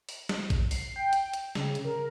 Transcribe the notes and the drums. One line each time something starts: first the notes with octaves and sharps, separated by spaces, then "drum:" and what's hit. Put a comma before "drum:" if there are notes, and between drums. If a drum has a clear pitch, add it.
drum: open hi-hat
drum: snare
drum: kick A#1, hi-hat
C7, drum: open hi-hat
G5
drum: hi-hat
drum: hi-hat
C#3, drum: snare
drum: hi-hat
A#4